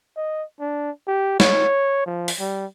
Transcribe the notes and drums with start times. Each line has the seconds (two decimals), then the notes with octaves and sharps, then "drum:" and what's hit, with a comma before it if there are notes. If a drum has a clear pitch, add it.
0.16 D#5
0.60 D4
1.08 G4
1.40 C#5, drum: snare
2.06 F3
2.28 drum: open hi-hat
2.40 G3